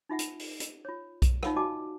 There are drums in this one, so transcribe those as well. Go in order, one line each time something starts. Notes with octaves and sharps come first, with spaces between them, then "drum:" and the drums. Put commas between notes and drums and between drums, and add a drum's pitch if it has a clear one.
D#4 F4 E5 F#5
drum: hi-hat
drum: open hi-hat
drum: hi-hat
F4 C#5
drum: kick B1, hi-hat
D#4 F4 C#5 F5 F#5, drum: rim click
F#4 D5 D#5 G#5 A5 D6